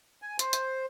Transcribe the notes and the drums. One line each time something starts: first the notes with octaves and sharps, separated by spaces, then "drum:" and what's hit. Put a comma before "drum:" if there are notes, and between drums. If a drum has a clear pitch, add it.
G#5
C5, drum: hi-hat
drum: hi-hat